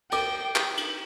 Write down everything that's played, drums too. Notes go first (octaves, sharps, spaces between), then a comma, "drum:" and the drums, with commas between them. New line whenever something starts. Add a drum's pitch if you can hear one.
G5 D6, drum: cymbal
drum: clap
drum: cymbal